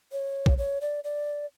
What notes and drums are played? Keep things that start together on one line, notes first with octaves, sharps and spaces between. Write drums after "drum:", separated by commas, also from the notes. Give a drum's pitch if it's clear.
C#5
drum: kick
C#5
D5
D5